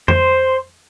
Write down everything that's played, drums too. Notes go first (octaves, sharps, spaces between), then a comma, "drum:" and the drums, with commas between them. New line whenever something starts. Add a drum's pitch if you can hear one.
C5, drum: tom F2